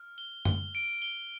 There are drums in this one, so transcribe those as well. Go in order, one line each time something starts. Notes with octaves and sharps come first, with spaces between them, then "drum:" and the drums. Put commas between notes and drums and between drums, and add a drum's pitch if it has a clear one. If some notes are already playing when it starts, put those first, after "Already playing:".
Already playing: F6
G7
G7, drum: tom F#2
D7
G7